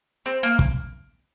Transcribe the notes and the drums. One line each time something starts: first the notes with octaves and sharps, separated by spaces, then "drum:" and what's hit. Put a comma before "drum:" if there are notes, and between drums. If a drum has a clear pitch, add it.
C4
A#3
drum: kick